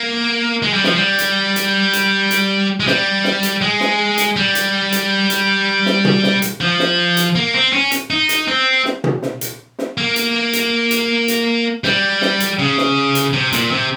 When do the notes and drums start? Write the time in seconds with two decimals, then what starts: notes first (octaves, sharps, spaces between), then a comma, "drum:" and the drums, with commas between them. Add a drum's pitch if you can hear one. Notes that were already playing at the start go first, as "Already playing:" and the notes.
Already playing: A#3
0.62 G#3
0.73 G3
0.84 F3, drum: snare
0.94 G3
1.19 drum: hi-hat
1.56 drum: hi-hat
1.93 drum: hi-hat
2.31 drum: hi-hat
2.80 G#3
2.87 G3, drum: snare
3.24 drum: snare
3.43 drum: hi-hat
3.62 G#3
3.80 drum: snare
4.18 drum: hi-hat
4.36 G3
4.55 drum: hi-hat
4.92 drum: hi-hat
5.30 drum: hi-hat
5.86 drum: snare
6.05 drum: tom
6.23 drum: snare
6.42 drum: hi-hat
6.61 F3
6.79 drum: snare
7.17 drum: hi-hat
7.36 A#3
7.54 C4
7.73 C#4
7.92 drum: hi-hat
8.10 D#4
8.29 drum: hi-hat
8.48 C4
8.85 drum: snare
9.04 drum: tom
9.22 drum: snare
9.41 drum: hi-hat
9.79 drum: snare
9.98 A#3
10.16 drum: hi-hat
10.53 drum: hi-hat
10.91 drum: hi-hat
11.28 drum: hi-hat
11.84 G3, drum: snare
12.22 drum: snare
12.40 drum: hi-hat
12.59 C#3
12.78 drum: snare
13.15 drum: hi-hat
13.33 C3
13.53 A#2, drum: hi-hat
13.71 C3